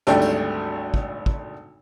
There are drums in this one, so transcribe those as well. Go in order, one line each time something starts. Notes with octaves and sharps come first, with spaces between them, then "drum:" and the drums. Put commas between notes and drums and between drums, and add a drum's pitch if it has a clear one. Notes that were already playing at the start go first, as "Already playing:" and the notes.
G#1 D2 G3 A3 D4 G5, drum: hi-hat
drum: tambourine
drum: kick
drum: kick